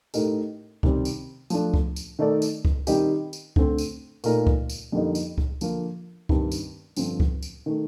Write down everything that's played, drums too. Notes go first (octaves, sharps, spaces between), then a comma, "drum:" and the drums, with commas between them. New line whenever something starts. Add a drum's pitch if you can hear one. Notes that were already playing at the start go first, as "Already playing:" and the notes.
A2 A3 D#4 G4 A#4, drum: tambourine
C3 D#3 G3 C4, drum: kick C#2
drum: tambourine
F3 A3 D4, drum: tambourine
drum: kick C#2
drum: tambourine
D#3 A3 D#4 A4 D5
drum: tambourine
drum: kick C#2
D#3 G3 C4 D#4 G4, drum: tambourine
drum: tambourine
D3 A3 C4, drum: kick C#2
drum: tambourine
A#2 A3 D#4 A#4, drum: tambourine
drum: kick C#2
drum: tambourine
F2 D3 G3 A#3 D#4
drum: tambourine
drum: kick C#2
D3 F3 A#3, drum: tambourine
G2 D#3 G3 C4, drum: kick C#2
drum: tambourine
G2 D3 F3 C4, drum: tambourine
drum: kick C#2
drum: tambourine
D#3 A3